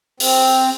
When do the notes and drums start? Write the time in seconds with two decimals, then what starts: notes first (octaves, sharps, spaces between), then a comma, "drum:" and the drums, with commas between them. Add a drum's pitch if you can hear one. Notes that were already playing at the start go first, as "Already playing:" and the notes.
0.20 C4, drum: open hi-hat